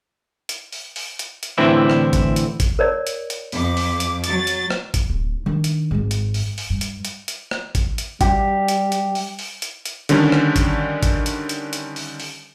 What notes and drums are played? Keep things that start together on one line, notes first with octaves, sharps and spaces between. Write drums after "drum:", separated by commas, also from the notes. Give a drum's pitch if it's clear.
drum: hi-hat
drum: open hi-hat
drum: open hi-hat
drum: hi-hat
drum: hi-hat
A2 D3 E3 C4 D4 E4
drum: rim click
drum: kick G#1, hi-hat
drum: hi-hat
drum: kick G#1, hi-hat
A#4 C#5 D5
drum: hi-hat
drum: hi-hat
F2 D6, drum: open hi-hat
drum: open hi-hat
drum: hi-hat
F#3 A6, drum: hi-hat
drum: hi-hat
drum: rim click
drum: kick G#1, hi-hat
D1
D#3 D4
drum: hi-hat
G#1 G#2
drum: hi-hat
drum: open hi-hat
drum: open hi-hat
G2
drum: hi-hat
drum: hi-hat
drum: hi-hat
drum: rim click
drum: kick G#1, hi-hat
drum: hi-hat
G3 G4, drum: kick G#1, hi-hat
drum: hi-hat
drum: hi-hat
drum: open hi-hat
drum: open hi-hat
drum: hi-hat
drum: hi-hat
D3 D#3 G3 C#4 D4, drum: hi-hat
drum: rim click
drum: kick G#1, hi-hat
drum: kick G#1, hi-hat
drum: hi-hat
drum: hi-hat
drum: hi-hat
drum: open hi-hat
drum: open hi-hat